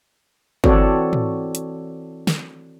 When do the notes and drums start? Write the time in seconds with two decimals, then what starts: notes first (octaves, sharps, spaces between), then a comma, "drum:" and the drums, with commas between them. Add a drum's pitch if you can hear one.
0.64 E3 C4 F#4 A4 C#5 D5, drum: kick
1.13 drum: tom
1.55 drum: hi-hat
2.27 drum: snare